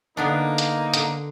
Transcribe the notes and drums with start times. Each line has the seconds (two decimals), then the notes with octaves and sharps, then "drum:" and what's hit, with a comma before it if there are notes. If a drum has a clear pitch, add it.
0.17 D3 A#3 B3 D4 D#4
0.58 drum: hi-hat
0.94 D3, drum: hi-hat